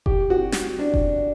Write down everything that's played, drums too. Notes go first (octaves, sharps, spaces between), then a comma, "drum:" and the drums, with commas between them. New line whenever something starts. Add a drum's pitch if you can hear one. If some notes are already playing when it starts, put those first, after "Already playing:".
G4, drum: kick F1
F#4
drum: snare
D4
drum: kick F1